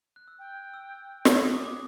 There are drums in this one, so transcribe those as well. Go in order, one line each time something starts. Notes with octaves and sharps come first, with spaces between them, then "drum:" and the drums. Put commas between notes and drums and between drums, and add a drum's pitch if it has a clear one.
F#6
E6
G5
E6
drum: snare
D#6
D6
D6